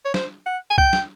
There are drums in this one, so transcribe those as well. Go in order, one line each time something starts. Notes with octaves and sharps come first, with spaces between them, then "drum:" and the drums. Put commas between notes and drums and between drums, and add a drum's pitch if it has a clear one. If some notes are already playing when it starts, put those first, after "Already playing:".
C#5
C5, drum: snare
F#5
G#5
G5, drum: kick
drum: snare